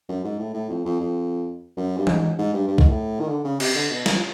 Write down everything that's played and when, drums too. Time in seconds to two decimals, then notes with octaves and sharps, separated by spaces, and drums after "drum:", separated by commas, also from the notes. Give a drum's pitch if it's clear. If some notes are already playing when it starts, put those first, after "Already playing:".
0.09 F#2
0.24 G#2
0.39 A2
0.54 A2
0.70 F2
0.85 F2
1.00 F2
1.77 F#2
1.97 G2
2.07 G#2, drum: tom E3
2.38 G#2
2.53 G2
2.68 G2
2.78 G#2, drum: kick B1
2.89 A2
3.20 D#3
3.29 D3
3.45 C#3
3.60 C3, drum: cymbal
3.75 D3
3.91 B2
4.06 E3, drum: snare
4.14 F3